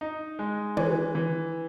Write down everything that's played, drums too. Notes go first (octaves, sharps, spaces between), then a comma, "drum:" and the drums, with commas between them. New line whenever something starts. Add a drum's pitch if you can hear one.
D#4
G#3
E3, drum: tom
E3